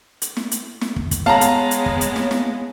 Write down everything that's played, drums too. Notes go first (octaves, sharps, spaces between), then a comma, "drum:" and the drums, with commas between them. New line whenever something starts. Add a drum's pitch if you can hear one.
drum: hi-hat
drum: snare
drum: hi-hat
drum: snare
drum: kick
drum: kick, hi-hat
G#3 B3 C#5 F5 A5 A#5, drum: snare
drum: hi-hat
drum: hi-hat
drum: kick
drum: hi-hat
drum: snare
drum: snare